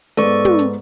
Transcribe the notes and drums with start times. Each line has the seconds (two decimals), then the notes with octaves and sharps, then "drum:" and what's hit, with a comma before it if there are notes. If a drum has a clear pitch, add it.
0.17 G#2 B3 A4 D5 C#6, drum: hi-hat
0.45 drum: tom
0.59 drum: hi-hat